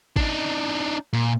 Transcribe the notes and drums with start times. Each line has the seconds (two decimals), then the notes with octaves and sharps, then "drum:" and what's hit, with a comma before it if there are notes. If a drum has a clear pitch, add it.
0.16 D4 D#4, drum: kick G#1
1.13 A#2